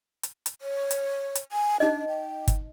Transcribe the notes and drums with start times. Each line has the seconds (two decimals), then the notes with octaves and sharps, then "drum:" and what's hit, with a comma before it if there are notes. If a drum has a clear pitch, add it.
0.23 drum: hi-hat
0.46 drum: hi-hat
0.61 C#5
0.91 drum: hi-hat
1.35 drum: hi-hat
1.52 G#5
1.80 D4 D#4 D#5
2.08 G5
2.48 drum: kick G1, hi-hat